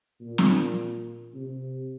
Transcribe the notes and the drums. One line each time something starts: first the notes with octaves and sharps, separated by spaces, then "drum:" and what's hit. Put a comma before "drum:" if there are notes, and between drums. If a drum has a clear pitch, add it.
A#2
drum: snare C4
C3